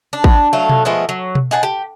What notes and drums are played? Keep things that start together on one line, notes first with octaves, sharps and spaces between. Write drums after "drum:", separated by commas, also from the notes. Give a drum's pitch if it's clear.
D4
drum: kick
F#3 A3 F5
drum: tom B2
F3 G#3 A3 B3
F#3
drum: tom B2
D#4 G#4 F#5 A5
G4